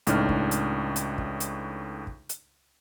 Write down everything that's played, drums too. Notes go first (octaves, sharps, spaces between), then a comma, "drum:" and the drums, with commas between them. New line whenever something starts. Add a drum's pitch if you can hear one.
C#2 A2 D4 D#4 D#6 F6, drum: hi-hat
drum: kick
drum: hi-hat
drum: hi-hat
drum: kick
drum: hi-hat
drum: kick
drum: hi-hat